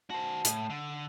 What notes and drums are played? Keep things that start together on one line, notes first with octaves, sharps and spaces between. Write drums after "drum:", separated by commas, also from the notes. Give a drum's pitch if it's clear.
F#4 C5 A5
A2, drum: hi-hat
D3